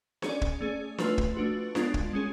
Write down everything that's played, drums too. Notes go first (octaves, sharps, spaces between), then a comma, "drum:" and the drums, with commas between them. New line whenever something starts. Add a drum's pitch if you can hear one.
C#4 G#4 D5, drum: snare D4
drum: kick
A3 C#4 G#4
F3 A3 F4 B4, drum: snare D4
drum: kick
A3 D4 F#4
G#3 B3 D4 F4, drum: snare D4
drum: kick
G#3 C#4 G#4